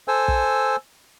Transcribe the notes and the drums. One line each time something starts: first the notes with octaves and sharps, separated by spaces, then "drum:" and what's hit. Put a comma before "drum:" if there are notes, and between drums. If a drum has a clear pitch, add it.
A4 C5 G#5 E6
drum: kick